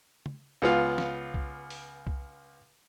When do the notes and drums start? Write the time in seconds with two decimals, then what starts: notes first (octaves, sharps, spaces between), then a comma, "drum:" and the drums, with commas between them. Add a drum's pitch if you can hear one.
0.26 drum: tom
0.62 C#2 B3 F4
0.98 drum: snare
1.34 drum: kick C2
1.70 drum: open hi-hat
2.07 drum: kick C2